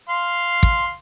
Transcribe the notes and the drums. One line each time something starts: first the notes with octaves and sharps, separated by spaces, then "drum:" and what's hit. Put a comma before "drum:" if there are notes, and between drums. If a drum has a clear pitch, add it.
F5 C6
drum: kick